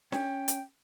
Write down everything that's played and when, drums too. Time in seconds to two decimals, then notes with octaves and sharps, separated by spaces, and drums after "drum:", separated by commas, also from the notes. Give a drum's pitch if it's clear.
0.12 C#4 G5, drum: snare
0.48 drum: hi-hat